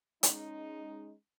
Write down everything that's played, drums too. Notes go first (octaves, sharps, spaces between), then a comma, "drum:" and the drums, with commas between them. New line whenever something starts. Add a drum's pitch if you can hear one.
G#3 C#4 D#4, drum: hi-hat